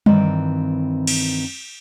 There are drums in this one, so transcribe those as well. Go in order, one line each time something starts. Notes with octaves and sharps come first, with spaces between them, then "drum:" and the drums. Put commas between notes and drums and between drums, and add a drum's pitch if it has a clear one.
G2 D#3 E3 C4 D5, drum: tom G3
drum: cymbal